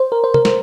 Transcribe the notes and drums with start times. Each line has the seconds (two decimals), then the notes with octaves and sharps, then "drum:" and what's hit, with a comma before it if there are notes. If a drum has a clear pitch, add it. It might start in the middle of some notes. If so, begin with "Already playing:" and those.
Already playing: C5
0.12 A#4
0.24 C5
0.34 A#4, drum: tom C3
0.45 C5, drum: snare